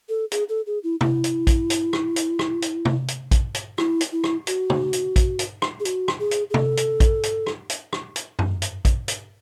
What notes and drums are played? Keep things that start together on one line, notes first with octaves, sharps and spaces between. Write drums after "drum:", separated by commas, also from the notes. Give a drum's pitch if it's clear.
A4
G#4, drum: hi-hat
A4
G#4
E4
E4, drum: tom C3
drum: hi-hat
drum: kick A#1, hi-hat
drum: hi-hat
drum: rim click
drum: hi-hat
drum: rim click
drum: hi-hat
drum: tom C3
drum: hi-hat
drum: kick A#1, hi-hat
drum: hi-hat
E4, drum: rim click
drum: hi-hat
E4
drum: rim click
F#4, drum: hi-hat
drum: tom C#3
drum: hi-hat
drum: kick A#1, hi-hat
drum: hi-hat
drum: rim click
G#4
F#4, drum: hi-hat
drum: rim click
G#4
drum: hi-hat
G#4
A4, drum: tom C3
drum: hi-hat
drum: kick A#1, hi-hat
drum: hi-hat
drum: rim click
drum: hi-hat
drum: rim click
drum: hi-hat
drum: tom F#2
drum: hi-hat
drum: kick A#1, hi-hat
drum: hi-hat